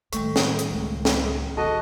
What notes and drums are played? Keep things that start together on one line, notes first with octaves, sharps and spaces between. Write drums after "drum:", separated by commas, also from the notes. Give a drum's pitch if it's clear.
A2 D#3 G3 A3, drum: hi-hat
drum: snare
drum: hi-hat
C#2
drum: snare
D3 F#4 A4 D#5